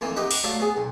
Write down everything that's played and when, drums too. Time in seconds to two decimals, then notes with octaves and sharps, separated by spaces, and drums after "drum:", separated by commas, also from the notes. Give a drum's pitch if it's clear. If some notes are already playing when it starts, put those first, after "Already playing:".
0.01 F2 D#3 E3 A#3
0.16 D#4 G4 B4 D#5 F#5
0.31 D6, drum: open hi-hat
0.44 F#3 A3 C#5 D5 E5 F5
0.60 B3 G#4
0.77 B1